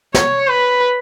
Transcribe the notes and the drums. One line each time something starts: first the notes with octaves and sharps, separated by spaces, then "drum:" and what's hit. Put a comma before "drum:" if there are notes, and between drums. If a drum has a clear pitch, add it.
C#5, drum: snare
B4